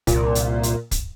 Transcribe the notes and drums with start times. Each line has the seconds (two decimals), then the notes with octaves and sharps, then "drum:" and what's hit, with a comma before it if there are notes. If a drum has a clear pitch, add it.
0.07 C2 A#2, drum: kick, hi-hat
0.35 drum: hi-hat
0.63 drum: hi-hat
0.91 drum: kick, hi-hat